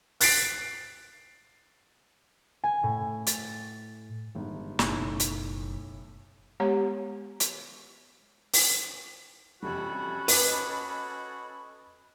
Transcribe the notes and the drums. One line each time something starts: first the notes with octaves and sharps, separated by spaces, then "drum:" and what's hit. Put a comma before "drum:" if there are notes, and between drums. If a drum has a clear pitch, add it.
F#6 A6 C7 D7, drum: open hi-hat
G#5
A2
A6, drum: hi-hat
G1 G#2
F#1 B1 A2, drum: snare
drum: hi-hat
G#3 B3 G4 C#5 F#5 A#5
drum: hi-hat
drum: open hi-hat
F2 C3 G3 C#4 F#4 A4 B5
B4 D#5 D6, drum: open hi-hat